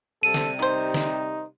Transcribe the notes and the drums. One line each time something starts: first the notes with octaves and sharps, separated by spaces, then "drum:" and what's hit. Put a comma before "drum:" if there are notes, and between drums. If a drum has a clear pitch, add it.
C3 G3 A4 D#7
drum: snare
D#3 D#4 C5
drum: snare